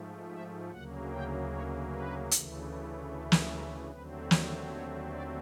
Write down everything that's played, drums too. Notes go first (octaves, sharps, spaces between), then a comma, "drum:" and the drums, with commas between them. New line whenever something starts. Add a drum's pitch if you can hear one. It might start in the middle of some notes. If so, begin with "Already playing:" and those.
Already playing: G#2 F3 A3
E5
D2 C#3 F#3 A#3 F#5
G5
C#5
B4
D2 C#3 E3 A3, drum: hi-hat
A4
drum: snare
A#4
D#2 D3 F#3 A3 C4 B4
C5, drum: snare
C#5
D5